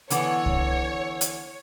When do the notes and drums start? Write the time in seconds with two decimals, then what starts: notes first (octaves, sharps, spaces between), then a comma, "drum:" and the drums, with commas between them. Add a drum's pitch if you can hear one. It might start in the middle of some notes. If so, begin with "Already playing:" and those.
0.10 D3 E3 B3 C#5, drum: hi-hat
0.46 drum: kick C2
1.21 drum: hi-hat